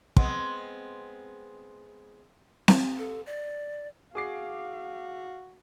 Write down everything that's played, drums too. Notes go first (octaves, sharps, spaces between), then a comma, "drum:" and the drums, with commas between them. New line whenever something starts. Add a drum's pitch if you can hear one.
G#3 B3 C4 C6, drum: kick
drum: snare C4
A4
D5
F#4 G#4 F5 D6 C7